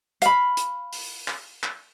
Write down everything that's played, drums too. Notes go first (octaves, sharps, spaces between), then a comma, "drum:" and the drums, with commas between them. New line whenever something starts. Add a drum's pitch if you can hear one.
F5 B5, drum: hi-hat
drum: hi-hat
drum: open hi-hat
drum: clap
drum: clap